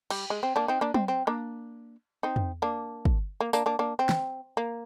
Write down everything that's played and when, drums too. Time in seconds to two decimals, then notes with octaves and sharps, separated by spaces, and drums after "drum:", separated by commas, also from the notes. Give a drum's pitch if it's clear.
0.10 G3, drum: cymbal
0.30 G#3
0.43 C4
0.56 A#3 D4
0.68 C4 D#4
0.81 A#3 D4
0.94 C4, drum: tom
1.08 C4
1.27 A#3 D4
2.23 C4 D#4
2.36 drum: tom
2.62 A#3 D4
3.05 drum: kick
3.40 A#3
3.53 A#3 D4, drum: tambourine
3.66 A#3 D4
3.79 A#3 D4
3.99 C4
4.09 drum: snare
4.57 A#3